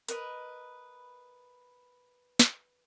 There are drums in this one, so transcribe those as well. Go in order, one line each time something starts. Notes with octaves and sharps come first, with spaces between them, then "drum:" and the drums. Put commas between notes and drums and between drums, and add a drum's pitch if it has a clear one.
A#4 B4 D#5 B5, drum: hi-hat
drum: snare